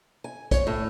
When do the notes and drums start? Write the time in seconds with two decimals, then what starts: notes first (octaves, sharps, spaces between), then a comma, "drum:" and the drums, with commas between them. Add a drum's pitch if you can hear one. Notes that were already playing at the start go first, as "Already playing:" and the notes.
0.24 G#5
0.51 C#5, drum: kick, hi-hat
0.67 A2